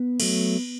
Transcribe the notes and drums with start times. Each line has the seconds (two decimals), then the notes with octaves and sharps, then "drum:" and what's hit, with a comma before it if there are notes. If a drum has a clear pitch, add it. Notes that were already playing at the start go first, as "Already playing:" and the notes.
Already playing: B3
0.20 F#3 A3, drum: cymbal